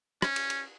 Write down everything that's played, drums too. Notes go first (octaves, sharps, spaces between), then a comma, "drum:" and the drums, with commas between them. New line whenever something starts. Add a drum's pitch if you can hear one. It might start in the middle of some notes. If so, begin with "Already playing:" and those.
C#4, drum: rim click
drum: cymbal
drum: cymbal